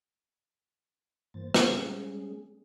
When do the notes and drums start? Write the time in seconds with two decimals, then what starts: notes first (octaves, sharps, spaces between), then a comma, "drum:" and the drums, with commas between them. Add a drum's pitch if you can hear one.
1.34 G2 E3 A#3 C5 A6
1.54 G3 G#3 C4 C#4 G#4, drum: rim click